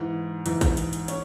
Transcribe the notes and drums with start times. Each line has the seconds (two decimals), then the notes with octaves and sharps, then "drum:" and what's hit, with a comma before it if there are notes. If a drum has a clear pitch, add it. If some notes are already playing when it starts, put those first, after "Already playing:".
Already playing: G#2 E3
0.46 G#2 E3, drum: hi-hat
0.61 drum: kick, hi-hat
0.77 drum: hi-hat
0.93 drum: hi-hat
1.08 C#4, drum: hi-hat